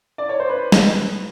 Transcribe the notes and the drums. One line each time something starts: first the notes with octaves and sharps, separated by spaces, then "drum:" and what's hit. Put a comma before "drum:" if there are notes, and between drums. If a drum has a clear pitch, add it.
D5
C#5
C5
B4
drum: snare